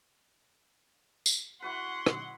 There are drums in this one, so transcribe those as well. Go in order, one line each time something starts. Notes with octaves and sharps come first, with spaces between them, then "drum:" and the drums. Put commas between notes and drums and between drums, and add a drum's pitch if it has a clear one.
drum: tambourine
E4 F#4 B4 F#5 C6
drum: rim click